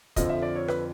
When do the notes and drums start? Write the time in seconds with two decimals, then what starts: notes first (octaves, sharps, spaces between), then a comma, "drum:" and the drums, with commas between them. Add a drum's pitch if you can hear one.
0.16 F2 D3 F3 D#5, drum: kick, hi-hat
0.29 E5
0.42 D5
0.56 C#5
0.68 B4, drum: rim click